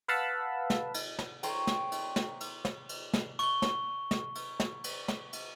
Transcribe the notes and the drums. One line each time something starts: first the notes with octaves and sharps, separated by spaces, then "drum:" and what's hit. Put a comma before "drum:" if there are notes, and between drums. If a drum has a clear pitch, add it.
B4 F5 F#5 A5 B5 E6
drum: snare
drum: cymbal
drum: snare
C5 C#5 G5 A#5, drum: cymbal
drum: snare
drum: cymbal
drum: snare
drum: cymbal
drum: snare
drum: cymbal
drum: snare
C#6 G7, drum: cymbal
drum: snare
drum: snare
drum: cymbal
drum: snare
drum: cymbal
drum: snare
drum: cymbal